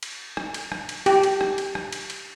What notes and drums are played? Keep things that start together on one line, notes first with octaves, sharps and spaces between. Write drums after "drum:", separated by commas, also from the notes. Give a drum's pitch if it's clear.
drum: cymbal
drum: rim click
drum: cymbal
drum: rim click
drum: cymbal
G4, drum: cymbal
drum: cymbal
drum: rim click
drum: cymbal
drum: rim click
drum: cymbal
drum: cymbal